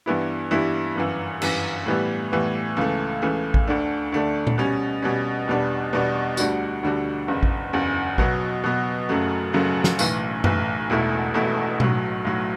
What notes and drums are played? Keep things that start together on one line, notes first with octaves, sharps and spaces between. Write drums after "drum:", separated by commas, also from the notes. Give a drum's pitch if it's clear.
G2 E3 G3 B3 E4
G2 E3 G3 B3 E4
G1 F#2 E3
G1 F#2 E3, drum: cymbal
A2 E3 G3 B3
A2 E3 G3 B3
C#2 C#3 E3 A3
C#2 C#3 E3 A3
drum: kick A1
D2 D3 A3 D4
D2 D3 A3 D4
drum: tom A#2
B2 G3 C#4
B2 G3 C#4
E2 B2 G3 B3 D4
E2 B2 G3 B3 D4
D2 D3 G3 D4 F#4, drum: tambourine
D2 D3 G3 D4 F#4
F#1 E2 C#3
drum: kick A1
F#1 E2 C#3
B2 F#3 B3 F#4, drum: kick A1
B2 F#3 B3 F#4
F#1 F#2 C#3 F#3 A3
F#1 F#2 C#3 F#3 A3
drum: snare
B1 A2 E3, drum: tambourine
B1 A2 E3, drum: tom F#2
E1 E2 B2 A3 E4
E1 E2 B2 A3 E4
B1 A2 F#3, drum: tom B2
B1 A2 F#3